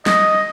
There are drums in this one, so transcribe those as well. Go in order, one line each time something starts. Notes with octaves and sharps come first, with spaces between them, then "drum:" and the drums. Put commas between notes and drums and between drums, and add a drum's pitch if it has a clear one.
D#5, drum: snare